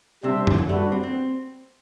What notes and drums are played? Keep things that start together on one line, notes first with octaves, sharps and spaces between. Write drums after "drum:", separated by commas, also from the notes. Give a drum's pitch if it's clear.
C3 G3 D4 G4 C5 E5
D3, drum: tom F#2
E3
F#3
G3 A3 D4 F#4 B4
C4
C4